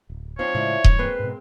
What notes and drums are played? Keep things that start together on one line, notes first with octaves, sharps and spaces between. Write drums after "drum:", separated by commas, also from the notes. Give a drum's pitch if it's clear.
D1
F3 C4 D#4 C#5
A2 C#3 G#3 E4 D5
G2 E3, drum: kick D#1
G#3 A#3 C4 B4
G#2 B2